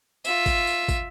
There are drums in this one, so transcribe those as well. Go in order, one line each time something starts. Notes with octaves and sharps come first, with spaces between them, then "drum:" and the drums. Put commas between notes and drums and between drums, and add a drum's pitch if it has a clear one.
F4 E5, drum: tambourine
drum: kick, tambourine
drum: tambourine
drum: kick, tambourine